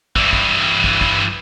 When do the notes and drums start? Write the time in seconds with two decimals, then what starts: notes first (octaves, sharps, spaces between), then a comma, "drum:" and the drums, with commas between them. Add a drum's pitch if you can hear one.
0.16 G2 E3, drum: kick
0.33 drum: kick
0.84 drum: kick
1.01 drum: kick